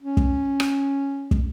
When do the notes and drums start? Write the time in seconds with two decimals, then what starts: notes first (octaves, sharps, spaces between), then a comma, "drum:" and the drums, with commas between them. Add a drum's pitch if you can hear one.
0.03 C#4
0.17 drum: kick
0.60 drum: rim click
1.31 drum: kick